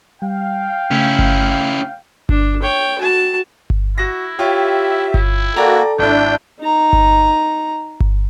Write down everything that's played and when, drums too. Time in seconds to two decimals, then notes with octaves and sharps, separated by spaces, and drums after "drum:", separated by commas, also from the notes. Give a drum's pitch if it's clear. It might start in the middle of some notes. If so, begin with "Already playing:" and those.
0.22 G3 F5 G5
0.91 C#3 A3 C#4 E4
1.19 drum: kick G1
2.29 D4, drum: kick G1
2.62 C#5 G5
2.98 F#4 A5
3.70 drum: kick G1
3.98 E4 F#4 A#6
4.39 F4 G4 C#5 E5 G5
5.14 E4, drum: kick G1
5.56 A#3 F#4 A4 D5 G5 A#5
5.99 G#1 D4 E4 G5
6.60 D#4 A#5
6.93 drum: kick G1
8.00 drum: kick G1